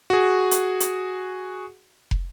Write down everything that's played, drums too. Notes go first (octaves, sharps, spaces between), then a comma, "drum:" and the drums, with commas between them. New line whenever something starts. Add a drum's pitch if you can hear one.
F#4 G#4
drum: hi-hat
drum: hi-hat
drum: kick